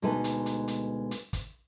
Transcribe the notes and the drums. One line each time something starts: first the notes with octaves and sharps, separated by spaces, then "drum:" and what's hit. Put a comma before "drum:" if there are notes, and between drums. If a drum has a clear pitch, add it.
D2 B2 G#3 D#4 B4 A5
drum: hi-hat
drum: hi-hat
drum: hi-hat
drum: hi-hat
drum: kick, hi-hat